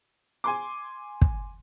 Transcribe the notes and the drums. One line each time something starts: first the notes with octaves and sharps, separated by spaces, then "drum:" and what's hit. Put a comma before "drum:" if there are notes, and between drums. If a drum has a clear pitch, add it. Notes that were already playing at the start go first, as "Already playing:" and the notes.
G#5 C6 D6
drum: kick